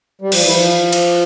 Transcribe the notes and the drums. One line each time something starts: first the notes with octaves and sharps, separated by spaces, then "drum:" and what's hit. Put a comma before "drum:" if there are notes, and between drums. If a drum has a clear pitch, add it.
G3
F3, drum: cymbal
E3
F3
drum: cymbal